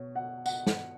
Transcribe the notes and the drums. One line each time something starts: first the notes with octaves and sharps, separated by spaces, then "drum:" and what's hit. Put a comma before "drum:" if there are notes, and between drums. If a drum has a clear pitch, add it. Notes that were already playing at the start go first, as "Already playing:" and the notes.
Already playing: B2 C#5
F#5
F#5, drum: tambourine
drum: snare